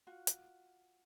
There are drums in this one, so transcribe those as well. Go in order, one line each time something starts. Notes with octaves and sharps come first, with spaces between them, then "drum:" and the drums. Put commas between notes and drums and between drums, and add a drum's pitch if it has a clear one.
F4 F#4
drum: hi-hat